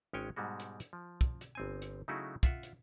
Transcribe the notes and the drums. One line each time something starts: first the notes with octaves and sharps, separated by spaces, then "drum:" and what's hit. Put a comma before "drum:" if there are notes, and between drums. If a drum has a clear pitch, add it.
G#1 G#3 C#4 C#5 G5 G#5
G#2 B2 G3 G#3 F#4
drum: hi-hat
drum: hi-hat
F3
drum: kick, hi-hat
drum: hi-hat
G1 C4 G#5
drum: hi-hat
C#3 F#3 A3 D#4 E4 F#4
F4 E5 F#5, drum: kick, hi-hat
drum: hi-hat